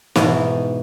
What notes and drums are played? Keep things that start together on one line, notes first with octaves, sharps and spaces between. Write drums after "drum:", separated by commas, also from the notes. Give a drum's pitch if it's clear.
G#2 B2 E3, drum: snare